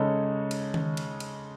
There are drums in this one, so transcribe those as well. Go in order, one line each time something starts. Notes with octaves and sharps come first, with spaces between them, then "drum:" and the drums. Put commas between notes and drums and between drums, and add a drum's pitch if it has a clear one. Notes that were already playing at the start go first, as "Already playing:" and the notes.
Already playing: C#3 G#3 D#4 A4 C#5
drum: cymbal
drum: tom D#3
drum: cymbal
drum: cymbal